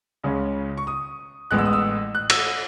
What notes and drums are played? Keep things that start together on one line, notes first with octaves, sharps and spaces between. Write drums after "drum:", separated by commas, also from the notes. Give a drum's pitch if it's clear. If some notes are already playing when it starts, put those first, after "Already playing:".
C#2 C#3 G#3 C#4
C#6
D#6
A1 A2 G#3 B3 F#6
E6
D#6
E6
F#6
E6, drum: cymbal